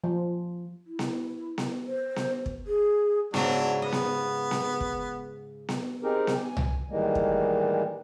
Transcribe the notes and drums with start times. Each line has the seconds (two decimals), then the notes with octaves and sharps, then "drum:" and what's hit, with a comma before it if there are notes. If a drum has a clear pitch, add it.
0.04 F3
0.87 E4
0.99 drum: snare B3
1.58 drum: snare B3
1.87 C5
2.16 drum: snare B3
2.46 drum: kick
2.67 G#4
3.34 G#2 C#3 F#3 D4 E4, drum: snare B3
3.82 B3 D#5
3.92 drum: snare B3
4.51 drum: snare B3
4.80 drum: kick
5.69 drum: snare B3
6.03 C4 D#4 G4 G#4 A#4
6.27 drum: snare B3
6.44 G#5
6.57 drum: tom C2
6.90 A2 D#3 E3 G3 G#3 A#3
7.15 drum: kick